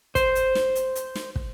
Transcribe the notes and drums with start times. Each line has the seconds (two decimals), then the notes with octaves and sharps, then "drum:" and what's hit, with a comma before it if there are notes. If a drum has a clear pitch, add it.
0.15 C5, drum: kick, hi-hat
0.35 drum: hi-hat
0.55 drum: snare
0.75 drum: hi-hat
0.95 drum: hi-hat
1.15 drum: snare
1.36 drum: kick